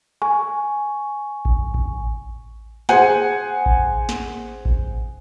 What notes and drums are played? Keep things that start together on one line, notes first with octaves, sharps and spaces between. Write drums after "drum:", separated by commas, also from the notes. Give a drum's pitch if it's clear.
G#5 C#6, drum: rim click
drum: kick A1
drum: kick A1
G#4 C5 F#5 G#5, drum: snare
drum: kick A1
drum: snare
drum: kick A1